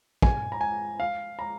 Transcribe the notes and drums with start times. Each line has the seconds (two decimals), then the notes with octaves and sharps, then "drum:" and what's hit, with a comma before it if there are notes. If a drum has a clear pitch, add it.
0.22 G#5, drum: kick
0.52 A#5
0.61 G#5
1.00 F5
1.39 A#5